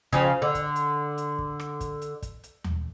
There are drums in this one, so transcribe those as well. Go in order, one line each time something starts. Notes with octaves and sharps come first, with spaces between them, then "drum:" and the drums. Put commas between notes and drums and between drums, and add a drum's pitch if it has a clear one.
C#3 F3, drum: kick, hi-hat
D3
drum: kick, hi-hat
drum: hi-hat
drum: hi-hat
drum: kick
drum: rim click
drum: kick, hi-hat
drum: hi-hat
drum: kick, hi-hat
drum: hi-hat
drum: tom D#2